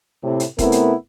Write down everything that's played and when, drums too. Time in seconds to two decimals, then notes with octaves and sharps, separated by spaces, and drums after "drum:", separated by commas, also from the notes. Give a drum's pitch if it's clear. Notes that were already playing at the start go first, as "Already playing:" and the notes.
0.24 A2 C3
0.40 drum: hi-hat
0.59 C3 A3 B3 C4 E4 A#4, drum: kick E1, hi-hat
0.72 drum: hi-hat